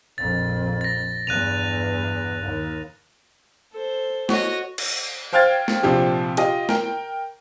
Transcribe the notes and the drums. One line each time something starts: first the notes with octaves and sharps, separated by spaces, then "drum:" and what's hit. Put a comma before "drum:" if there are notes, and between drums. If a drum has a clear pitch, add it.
A#1 F2 A6
A6 A#6
E2 G2 F#6 D#7 F7
D#2
A4 C5
F#4 C#5 D#5, drum: snare
drum: cymbal
C5 F5 G5 F6 G#6 A6
drum: snare
A#1 C3 F3 G4
F4 G4 D#5, drum: hi-hat
A#4 G5, drum: snare